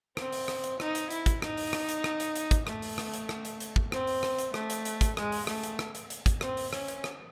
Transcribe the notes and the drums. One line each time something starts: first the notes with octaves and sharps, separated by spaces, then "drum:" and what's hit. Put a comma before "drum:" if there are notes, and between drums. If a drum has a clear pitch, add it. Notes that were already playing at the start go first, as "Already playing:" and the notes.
C4, drum: rim click
drum: open hi-hat
drum: rim click
drum: hi-hat
D#4, drum: rim click
drum: hi-hat
E4, drum: hi-hat
drum: kick, hi-hat
D#4, drum: rim click
drum: open hi-hat
drum: rim click
drum: hi-hat
drum: rim click
drum: hi-hat
drum: hi-hat
drum: kick, hi-hat
A3, drum: rim click
drum: open hi-hat
drum: rim click
drum: hi-hat
drum: rim click
drum: hi-hat
drum: hi-hat
drum: kick
C4, drum: rim click
drum: open hi-hat
drum: rim click
drum: hi-hat
A3, drum: rim click
drum: hi-hat
drum: hi-hat
drum: kick, hi-hat
G#3, drum: rim click
drum: open hi-hat
A3, drum: rim click
drum: hi-hat
drum: rim click
drum: hi-hat
drum: hi-hat
drum: kick, hi-hat
C4, drum: rim click
drum: open hi-hat
C#4, drum: rim click
drum: hi-hat
drum: rim click